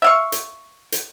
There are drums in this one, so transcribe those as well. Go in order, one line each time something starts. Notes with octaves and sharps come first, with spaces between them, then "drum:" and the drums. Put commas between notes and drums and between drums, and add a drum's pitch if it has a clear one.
E5 F5 C#6
drum: hi-hat
drum: hi-hat